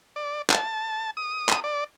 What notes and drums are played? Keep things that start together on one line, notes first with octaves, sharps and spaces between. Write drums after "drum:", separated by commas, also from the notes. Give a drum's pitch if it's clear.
D5
A5, drum: clap
D#6
drum: clap
D5